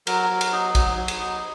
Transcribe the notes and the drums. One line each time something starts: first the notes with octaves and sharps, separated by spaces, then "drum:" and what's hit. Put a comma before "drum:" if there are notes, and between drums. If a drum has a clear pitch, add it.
F#3 A#4, drum: cymbal
F#3
drum: cymbal
D#4
F#3, drum: kick, cymbal
F#3
drum: cymbal
D#4